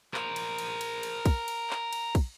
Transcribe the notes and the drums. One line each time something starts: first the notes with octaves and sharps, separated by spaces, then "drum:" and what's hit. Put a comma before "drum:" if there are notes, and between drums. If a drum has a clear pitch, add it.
A#4 C5, drum: clap
drum: cymbal
drum: cymbal
drum: cymbal
drum: cymbal
drum: kick, cymbal
drum: cymbal
drum: clap
drum: cymbal
drum: kick, cymbal